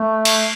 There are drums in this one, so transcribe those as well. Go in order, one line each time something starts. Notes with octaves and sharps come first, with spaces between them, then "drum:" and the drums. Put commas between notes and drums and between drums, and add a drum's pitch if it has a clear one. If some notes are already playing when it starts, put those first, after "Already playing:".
Already playing: A3
drum: cymbal